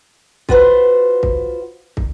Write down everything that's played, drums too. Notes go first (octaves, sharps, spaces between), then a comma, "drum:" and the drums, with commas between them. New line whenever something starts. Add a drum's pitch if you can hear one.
F4 F#4 B4 C5, drum: kick
drum: kick
drum: kick